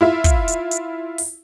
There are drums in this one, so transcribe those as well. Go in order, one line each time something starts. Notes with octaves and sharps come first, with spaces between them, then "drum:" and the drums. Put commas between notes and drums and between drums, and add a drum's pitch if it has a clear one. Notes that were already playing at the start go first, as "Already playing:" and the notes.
E4 F4 E5
drum: kick, hi-hat
drum: hi-hat
drum: hi-hat
drum: open hi-hat